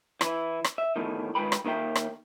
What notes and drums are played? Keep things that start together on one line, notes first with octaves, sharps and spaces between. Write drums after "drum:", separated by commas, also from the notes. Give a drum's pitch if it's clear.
E3 E4, drum: rim click
drum: rim click
E5
E2 A2 D#3
D#3 G#3 F4 B4 G5 B5
drum: rim click
D#2 D#3 A#3 E5 G5
drum: rim click